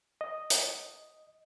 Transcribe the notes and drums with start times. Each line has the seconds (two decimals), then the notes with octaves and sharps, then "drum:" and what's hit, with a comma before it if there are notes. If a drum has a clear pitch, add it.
0.21 D#5
0.50 drum: hi-hat